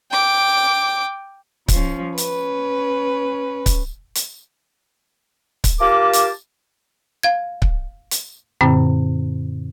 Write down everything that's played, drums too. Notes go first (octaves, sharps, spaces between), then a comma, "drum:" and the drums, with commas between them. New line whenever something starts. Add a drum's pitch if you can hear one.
G5 D6
F3 C#4, drum: kick C#1, hi-hat
C#4 B4, drum: hi-hat
drum: kick C#1, hi-hat
drum: hi-hat
drum: kick C#1, hi-hat
F4 G4 A#4 A5 D6
drum: hi-hat
F5 G#6
drum: kick C#1
drum: hi-hat
F#2 A#2 D3 C4